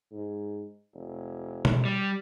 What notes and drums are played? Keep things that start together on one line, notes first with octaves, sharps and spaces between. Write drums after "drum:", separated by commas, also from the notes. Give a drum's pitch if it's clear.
G#2
F1
drum: tom B2
G3